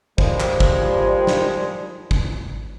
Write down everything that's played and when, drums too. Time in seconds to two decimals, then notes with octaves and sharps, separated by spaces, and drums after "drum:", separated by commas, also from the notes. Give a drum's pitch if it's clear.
0.18 D#3 F3 G3 G#3, drum: kick
0.40 drum: clap
0.60 drum: kick
1.27 drum: snare
2.11 drum: kick